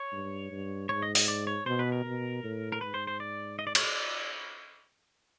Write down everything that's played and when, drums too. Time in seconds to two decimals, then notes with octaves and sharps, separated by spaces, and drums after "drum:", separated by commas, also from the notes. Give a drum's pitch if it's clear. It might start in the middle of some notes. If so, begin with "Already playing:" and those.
Already playing: C#5
0.12 G2
0.51 G2
0.89 G#2 C#5
1.02 D#5
1.15 D#5, drum: open hi-hat
1.28 D5
1.47 C#5
1.66 B2 C5
1.79 B4
1.92 A#4
2.05 B2
2.44 A2
2.72 A#4
2.81 G#2 B4
2.94 C5
3.07 C5
3.20 D5
3.59 D#5
3.67 D5
3.75 C#5, drum: cymbal
3.83 D5